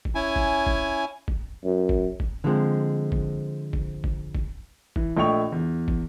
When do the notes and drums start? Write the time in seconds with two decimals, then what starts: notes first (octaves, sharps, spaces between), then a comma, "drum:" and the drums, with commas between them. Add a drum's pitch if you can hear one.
0.05 drum: kick
0.15 C#4 E4 G#5
0.36 drum: kick
0.67 drum: kick
1.28 drum: kick
1.64 F#2
1.89 drum: kick
2.20 drum: kick
2.44 D3 F3 G#3 C4
3.12 drum: kick
3.73 drum: kick
4.04 drum: kick
4.35 drum: kick
4.96 E3, drum: kick
5.17 A#1 A3 D#5 G5 C#6 F7
5.52 E2
5.88 drum: kick